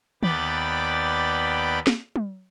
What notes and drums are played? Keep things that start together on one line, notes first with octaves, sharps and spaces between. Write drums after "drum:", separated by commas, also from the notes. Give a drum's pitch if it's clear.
D#2 B3 D5 G5 B5 A6, drum: tom
drum: snare
drum: tom